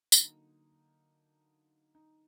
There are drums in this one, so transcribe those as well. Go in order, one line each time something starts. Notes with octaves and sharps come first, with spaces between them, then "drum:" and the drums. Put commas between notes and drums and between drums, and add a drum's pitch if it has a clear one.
D3 F#3 A#3 D#4, drum: tambourine
D#4